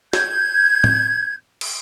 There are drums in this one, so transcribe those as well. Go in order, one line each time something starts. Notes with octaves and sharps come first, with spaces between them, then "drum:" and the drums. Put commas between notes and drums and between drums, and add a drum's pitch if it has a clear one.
G6 G#6, drum: snare
drum: tom A2
drum: cymbal